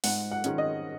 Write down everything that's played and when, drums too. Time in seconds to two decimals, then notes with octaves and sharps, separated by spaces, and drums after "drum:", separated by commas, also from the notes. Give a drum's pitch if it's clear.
0.04 G#2 F#5, drum: open hi-hat
0.31 F#5
0.44 D#3 G#3 C#4, drum: hi-hat
0.58 D#5